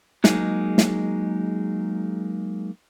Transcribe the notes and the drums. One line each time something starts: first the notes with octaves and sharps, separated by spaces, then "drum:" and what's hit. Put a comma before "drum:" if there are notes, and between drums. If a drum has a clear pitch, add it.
F#3 G#3 A#3 D#4 G#4, drum: snare
drum: snare